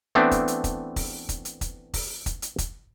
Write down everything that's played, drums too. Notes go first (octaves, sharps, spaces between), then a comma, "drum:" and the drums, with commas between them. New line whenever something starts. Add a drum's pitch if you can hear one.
E3 A3 B3 C4 D4
drum: kick, hi-hat
drum: hi-hat
drum: kick, hi-hat
drum: kick, open hi-hat
drum: kick, hi-hat
drum: hi-hat
drum: kick, hi-hat
drum: kick, open hi-hat
drum: kick, hi-hat
drum: hi-hat
drum: kick, hi-hat